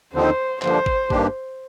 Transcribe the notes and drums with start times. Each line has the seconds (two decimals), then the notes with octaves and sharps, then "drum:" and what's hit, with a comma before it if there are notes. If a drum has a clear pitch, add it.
0.14 D#2 D3 F3 C4 D#4 C5
0.62 G2 D3 F3 A#3 D4 C5, drum: clap
0.86 drum: kick G#1
1.10 G2 D#3 A#3 D4 G4, drum: kick G#1